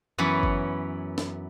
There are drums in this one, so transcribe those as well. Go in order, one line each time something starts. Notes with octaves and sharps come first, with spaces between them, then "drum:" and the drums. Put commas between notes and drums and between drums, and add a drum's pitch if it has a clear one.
F#2 E3 B3 C#5
drum: kick G1
drum: snare